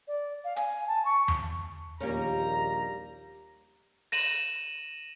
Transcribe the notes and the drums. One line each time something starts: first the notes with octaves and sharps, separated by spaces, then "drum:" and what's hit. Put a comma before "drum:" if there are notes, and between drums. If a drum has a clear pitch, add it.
D5
F5
G#5, drum: hi-hat
A5
C#6
drum: tom E2
A#1 D#2 G3 A#3 C#4 A#5
A#6 D#7 E7 F#7, drum: open hi-hat